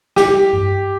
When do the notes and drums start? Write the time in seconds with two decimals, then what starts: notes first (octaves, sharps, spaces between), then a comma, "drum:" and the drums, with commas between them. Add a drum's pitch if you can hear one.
0.16 G4, drum: snare
0.53 drum: tom G2